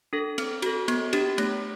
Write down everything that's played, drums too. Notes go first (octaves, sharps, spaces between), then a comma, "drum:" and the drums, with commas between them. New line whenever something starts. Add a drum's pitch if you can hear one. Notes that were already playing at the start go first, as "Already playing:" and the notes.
D4 A4
C4, drum: cymbal
F#4 A4, drum: cymbal
B3, drum: cymbal
D4 G4, drum: cymbal
A3, drum: cymbal